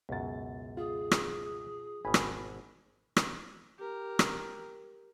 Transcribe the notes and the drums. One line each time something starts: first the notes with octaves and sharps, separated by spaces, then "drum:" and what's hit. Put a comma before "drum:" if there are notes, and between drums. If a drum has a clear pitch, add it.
C#2 F#2 B2 A6
F4 G#4
drum: rim click
G#1 B2 G#5 B5
drum: rim click
drum: rim click
G4 A#4
drum: rim click